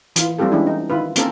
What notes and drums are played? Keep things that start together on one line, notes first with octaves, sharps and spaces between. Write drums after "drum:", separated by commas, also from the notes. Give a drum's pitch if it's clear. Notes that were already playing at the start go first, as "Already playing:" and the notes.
E3 F4, drum: hi-hat
G3 A3 C4 F4 G4 A4
E3 G#3 C#4 D4 E4
D#4
D#3 E4 F4 B4
A#3 C4 C#4 F4 A4 A#4, drum: hi-hat